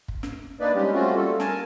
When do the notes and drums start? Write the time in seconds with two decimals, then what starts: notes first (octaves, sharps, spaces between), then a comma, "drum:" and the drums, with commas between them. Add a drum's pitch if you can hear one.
0.08 drum: kick
0.23 drum: snare
0.60 A#3 D4 D#4 B4 D5
0.75 G3 G#3 C#4 G4
0.93 A3 C4 C#4 F4 F#4
1.16 G3 A#3 A4
1.40 A#4 G#5 A5, drum: snare